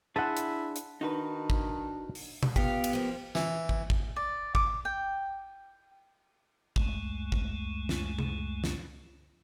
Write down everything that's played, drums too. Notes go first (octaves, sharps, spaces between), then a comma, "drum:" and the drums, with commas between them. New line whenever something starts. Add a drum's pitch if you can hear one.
D4 E4 G#4 C5 F#5 A5
drum: hi-hat
drum: hi-hat
D#3 D4 D#4 F#4 B4
drum: kick
drum: open hi-hat
drum: tom B2
A#2 B3 F4 G4 F5, drum: kick
drum: cymbal
F3 A#3
E3, drum: snare
drum: kick
drum: kick
D5
D6, drum: kick
G5
C#2 F#2 G#3 A3, drum: kick
drum: kick
drum: snare
drum: tom C3
drum: snare